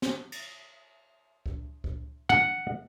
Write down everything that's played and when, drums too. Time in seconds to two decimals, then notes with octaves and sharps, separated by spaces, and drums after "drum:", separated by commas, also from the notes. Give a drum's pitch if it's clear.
0.02 drum: snare
0.32 drum: cymbal
1.46 drum: kick C#2
1.84 drum: kick C#2
2.29 F#5, drum: tom